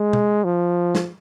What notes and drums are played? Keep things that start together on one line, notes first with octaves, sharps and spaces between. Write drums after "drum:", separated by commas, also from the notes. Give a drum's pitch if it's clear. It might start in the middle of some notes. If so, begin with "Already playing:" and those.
Already playing: G#3
drum: tom B2
F3
drum: snare